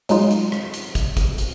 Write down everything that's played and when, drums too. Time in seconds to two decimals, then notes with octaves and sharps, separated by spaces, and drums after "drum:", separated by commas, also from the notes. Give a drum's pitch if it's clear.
0.09 F#3 G#3 D#4 F4, drum: hi-hat
0.31 drum: hi-hat
0.52 drum: rim click
0.74 drum: hi-hat
0.95 drum: kick, hi-hat
1.17 drum: kick, hi-hat
1.38 drum: hi-hat